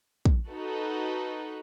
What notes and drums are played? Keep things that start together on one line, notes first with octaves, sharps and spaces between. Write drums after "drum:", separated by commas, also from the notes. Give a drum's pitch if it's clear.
drum: kick
D#4 F#4 A4 B4